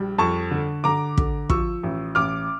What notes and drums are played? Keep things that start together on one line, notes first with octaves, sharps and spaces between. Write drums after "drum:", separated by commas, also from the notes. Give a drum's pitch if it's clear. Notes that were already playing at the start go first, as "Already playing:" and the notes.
Already playing: A#1 G3
F2 A5 C#6
D3
D3 A#5 D6
D3, drum: kick
F3 C#6 E6, drum: kick
A1
A1 D6 F6